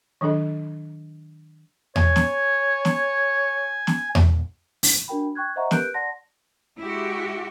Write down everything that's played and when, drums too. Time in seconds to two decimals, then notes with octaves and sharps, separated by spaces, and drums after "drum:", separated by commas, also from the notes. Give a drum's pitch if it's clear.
0.21 D#3 F#3 D4 A4 D#5
1.96 C#5 G#5, drum: tom E2
2.16 drum: snare
2.85 drum: snare
3.87 drum: snare
4.15 drum: tom E2
4.83 drum: open hi-hat
5.08 D4 F#4 A#4 G5 B5
5.35 G5 C#6 F#6 G#6
5.56 C5 D#5 E5 F#5 A#5 C#6
5.71 G4 A#4 B4 F#6 G6 D7, drum: snare
5.94 D5 F#5 A5 C6 A#6
6.78 G#3 E4 F#4 G4